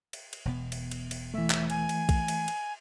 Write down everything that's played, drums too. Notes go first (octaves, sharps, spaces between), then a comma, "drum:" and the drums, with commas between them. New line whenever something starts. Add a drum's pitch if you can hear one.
drum: cymbal
drum: cymbal
E1 B2 B3
drum: cymbal
drum: cymbal
drum: cymbal
E3 A3 E5
drum: clap
G#5, drum: cymbal
drum: cymbal
drum: kick B1, cymbal
drum: cymbal
drum: cymbal